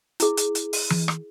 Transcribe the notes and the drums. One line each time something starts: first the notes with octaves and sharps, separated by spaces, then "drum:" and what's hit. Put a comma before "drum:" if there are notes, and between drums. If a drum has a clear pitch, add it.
E4 G#4, drum: hi-hat
drum: hi-hat
drum: hi-hat
drum: open hi-hat
drum: tom E3
drum: rim click